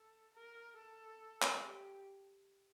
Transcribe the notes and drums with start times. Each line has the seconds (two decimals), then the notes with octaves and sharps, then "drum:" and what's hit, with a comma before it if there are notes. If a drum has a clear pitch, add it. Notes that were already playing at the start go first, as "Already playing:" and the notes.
Already playing: A4
0.34 A#4
0.76 A4
1.42 drum: clap
1.62 G4